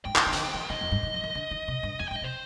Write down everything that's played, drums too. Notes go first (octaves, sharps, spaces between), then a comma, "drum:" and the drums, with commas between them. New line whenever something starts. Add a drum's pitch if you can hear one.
G#2 G5
D#3, drum: clap
D#3
D3, drum: hi-hat
D#3
F3
D#3 D#5
F2
G2
D#3
F3
D#3
D3
D#3
C3
G2
F2 G#5
G5
G2
D#5
C3 C5